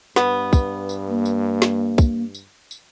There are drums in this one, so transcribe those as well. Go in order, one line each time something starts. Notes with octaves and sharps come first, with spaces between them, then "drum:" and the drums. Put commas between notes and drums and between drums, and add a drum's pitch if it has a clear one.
G2 B3, drum: snare
drum: kick, tambourine
drum: tambourine
A#3
drum: tambourine
drum: snare
drum: kick, tambourine
drum: tambourine
drum: tambourine